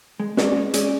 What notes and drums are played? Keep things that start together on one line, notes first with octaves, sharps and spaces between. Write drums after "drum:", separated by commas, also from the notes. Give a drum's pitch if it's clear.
G#3
C#4 G#4 D5, drum: snare
G#3
C#4 G#4 D5, drum: hi-hat